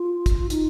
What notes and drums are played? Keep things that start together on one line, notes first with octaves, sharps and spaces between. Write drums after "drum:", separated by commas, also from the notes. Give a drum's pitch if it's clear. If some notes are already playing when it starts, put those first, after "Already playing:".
Already playing: F4
drum: kick, hi-hat
D#4, drum: hi-hat